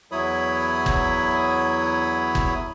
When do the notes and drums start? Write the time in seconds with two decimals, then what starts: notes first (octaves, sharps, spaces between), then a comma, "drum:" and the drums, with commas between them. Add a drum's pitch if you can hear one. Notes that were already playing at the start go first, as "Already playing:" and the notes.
0.12 E2 F#3 E4 C#5 B5 D#6
0.86 drum: kick
2.35 drum: kick